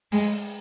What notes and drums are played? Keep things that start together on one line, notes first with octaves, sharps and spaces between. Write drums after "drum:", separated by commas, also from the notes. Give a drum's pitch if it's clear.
G#3, drum: open hi-hat